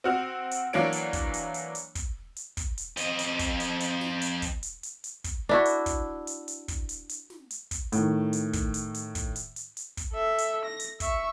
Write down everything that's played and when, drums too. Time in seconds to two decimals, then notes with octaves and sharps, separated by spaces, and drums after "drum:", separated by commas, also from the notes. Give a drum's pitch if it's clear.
0.04 C4 F#4 F6
0.51 drum: hi-hat
0.73 E3 F#3 A#3 D4 C#5 D7, drum: snare
0.92 drum: hi-hat
1.13 drum: kick, hi-hat
1.34 drum: hi-hat
1.54 drum: hi-hat
1.75 drum: hi-hat
1.95 drum: kick, hi-hat
2.36 drum: hi-hat
2.57 drum: kick, hi-hat
2.78 drum: hi-hat
2.97 F2 D#5, drum: hi-hat
3.19 drum: hi-hat
3.39 drum: kick, hi-hat
3.60 drum: hi-hat
3.80 drum: hi-hat
4.01 drum: snare
4.22 drum: hi-hat
4.42 drum: kick, hi-hat
4.63 drum: hi-hat
4.83 drum: hi-hat
5.04 drum: hi-hat
5.24 drum: kick, hi-hat
5.49 D4 E4 F#4
5.65 drum: hi-hat
5.86 drum: kick, hi-hat
6.27 drum: hi-hat
6.48 drum: hi-hat
6.68 drum: kick, hi-hat
6.89 drum: hi-hat
7.09 drum: hi-hat
7.30 drum: snare
7.51 drum: hi-hat
7.71 drum: kick, hi-hat
7.92 A2 D#3, drum: hi-hat
8.33 drum: hi-hat
8.53 drum: kick, hi-hat
8.74 drum: hi-hat
8.94 drum: hi-hat
9.15 drum: kick, hi-hat
9.36 drum: hi-hat
9.56 drum: hi-hat
9.77 drum: hi-hat
9.97 drum: kick, hi-hat
10.12 A4 E5
10.38 drum: hi-hat
10.65 A#6
10.80 drum: hi-hat
11.00 E5 C#6, drum: kick, hi-hat